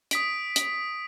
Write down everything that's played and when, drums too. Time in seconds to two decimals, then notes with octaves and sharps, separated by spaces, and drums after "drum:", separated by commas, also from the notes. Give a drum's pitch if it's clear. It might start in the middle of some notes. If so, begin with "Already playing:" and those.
0.11 D#6 B6 D7, drum: hi-hat
0.56 drum: hi-hat